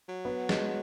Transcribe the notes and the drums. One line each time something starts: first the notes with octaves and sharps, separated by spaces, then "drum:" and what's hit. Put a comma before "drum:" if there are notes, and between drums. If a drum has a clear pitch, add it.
F#3
B3
G#3, drum: snare